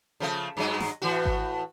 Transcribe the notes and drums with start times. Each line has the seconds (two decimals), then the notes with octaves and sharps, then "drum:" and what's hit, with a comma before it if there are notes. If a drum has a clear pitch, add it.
0.20 C#3 F3 A3
0.57 G2 F#3 G#3
0.80 drum: snare
1.02 A2 E3 F#4
1.25 drum: kick G#1